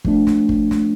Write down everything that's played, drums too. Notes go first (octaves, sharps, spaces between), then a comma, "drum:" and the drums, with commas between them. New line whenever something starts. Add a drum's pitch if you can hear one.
F3 A3 D4, drum: kick G1
drum: snare
drum: kick G1
drum: snare